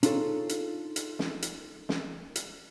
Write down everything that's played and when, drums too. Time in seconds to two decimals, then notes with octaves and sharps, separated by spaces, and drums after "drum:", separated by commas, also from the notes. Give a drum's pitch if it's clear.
0.03 D4 D#4 F4 G#4 A4 C#5, drum: hi-hat
0.49 drum: hi-hat
0.96 drum: hi-hat
1.19 drum: snare
1.42 drum: hi-hat
1.89 drum: snare
2.36 drum: hi-hat